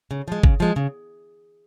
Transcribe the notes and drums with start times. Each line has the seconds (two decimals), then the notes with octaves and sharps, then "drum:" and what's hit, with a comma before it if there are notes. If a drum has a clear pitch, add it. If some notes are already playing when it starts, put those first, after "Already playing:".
0.11 C#3
0.28 F3 G#3
0.43 C#3, drum: kick G1
0.60 F3 G#3
0.76 C#3